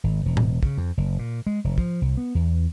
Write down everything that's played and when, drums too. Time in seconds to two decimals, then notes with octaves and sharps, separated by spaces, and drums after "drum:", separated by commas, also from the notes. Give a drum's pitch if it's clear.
0.04 G#1
0.25 E1
0.37 drum: tom A2
0.63 C#3, drum: kick
0.78 F2
0.97 F#1
1.19 A#2
1.47 G#3
1.64 F1
1.78 F3, drum: kick
2.02 C2
2.17 B3
2.35 E2